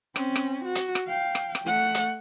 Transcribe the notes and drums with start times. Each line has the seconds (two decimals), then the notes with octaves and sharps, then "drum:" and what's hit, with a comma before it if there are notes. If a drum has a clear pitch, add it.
0.16 C4 C#4, drum: rim click
0.36 drum: rim click
0.65 F#4
0.75 drum: hi-hat
0.95 drum: rim click
1.08 F5 G5
1.35 drum: rim click
1.55 drum: rim click
1.65 A3 F#5
1.94 drum: hi-hat